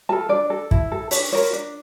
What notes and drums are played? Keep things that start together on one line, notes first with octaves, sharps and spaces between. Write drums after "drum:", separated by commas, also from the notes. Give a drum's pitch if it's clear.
F4 A4 A5
D4 D5
A4
E4, drum: kick
A4
D4 C#5, drum: open hi-hat
F4 A#4 C#5
D4